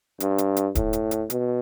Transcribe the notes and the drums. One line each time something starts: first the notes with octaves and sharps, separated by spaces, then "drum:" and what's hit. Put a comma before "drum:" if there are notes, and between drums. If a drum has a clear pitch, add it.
G2, drum: hi-hat
drum: hi-hat
drum: hi-hat
A2, drum: kick D1, hi-hat
drum: hi-hat
drum: hi-hat
B2, drum: hi-hat